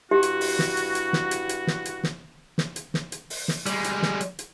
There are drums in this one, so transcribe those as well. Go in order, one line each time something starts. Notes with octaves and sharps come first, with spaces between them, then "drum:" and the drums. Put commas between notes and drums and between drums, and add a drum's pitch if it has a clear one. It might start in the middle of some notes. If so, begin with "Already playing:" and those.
G2 E4 F#4 G4
drum: hi-hat
drum: open hi-hat
drum: snare
drum: hi-hat
drum: hi-hat
drum: snare
drum: hi-hat
drum: hi-hat
drum: snare
drum: hi-hat
drum: snare
drum: snare
drum: hi-hat
drum: snare
drum: hi-hat
drum: open hi-hat
drum: snare
G3 G#3, drum: hi-hat
drum: hi-hat
drum: snare
drum: hi-hat
drum: hi-hat